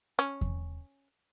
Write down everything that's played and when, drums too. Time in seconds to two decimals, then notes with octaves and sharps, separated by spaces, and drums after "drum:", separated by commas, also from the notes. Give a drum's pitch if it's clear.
0.19 C#4
0.41 drum: kick E2